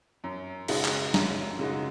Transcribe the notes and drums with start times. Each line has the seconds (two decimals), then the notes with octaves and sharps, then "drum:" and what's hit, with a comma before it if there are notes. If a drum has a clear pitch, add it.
0.24 F#2
0.68 C#3 G#3 D#4 F#4, drum: cymbal
0.85 drum: clap
1.14 F#2, drum: snare
1.59 C#3 G#3 D#4 F#4